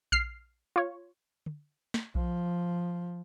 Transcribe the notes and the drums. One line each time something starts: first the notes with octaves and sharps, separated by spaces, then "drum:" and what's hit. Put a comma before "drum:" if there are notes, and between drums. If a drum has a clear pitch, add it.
F6 C7, drum: kick A#1
F4 C#5
drum: tom
drum: snare
F3, drum: kick A#1